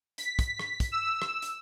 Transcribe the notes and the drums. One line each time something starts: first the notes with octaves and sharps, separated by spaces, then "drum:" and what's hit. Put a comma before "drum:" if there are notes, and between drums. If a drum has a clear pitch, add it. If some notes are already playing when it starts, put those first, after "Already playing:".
B6, drum: hi-hat
drum: kick, hi-hat
drum: rim click
drum: kick, hi-hat
E6
drum: rim click
drum: hi-hat